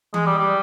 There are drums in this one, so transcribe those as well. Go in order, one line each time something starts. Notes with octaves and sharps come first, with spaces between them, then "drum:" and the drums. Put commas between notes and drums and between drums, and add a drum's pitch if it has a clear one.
G#3, drum: tom E3
G3
G3